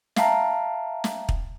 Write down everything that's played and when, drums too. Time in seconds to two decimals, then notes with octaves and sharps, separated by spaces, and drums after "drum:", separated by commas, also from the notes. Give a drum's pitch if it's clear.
0.16 E5 F5 G5 A5 A#5, drum: snare
1.04 drum: snare
1.29 drum: kick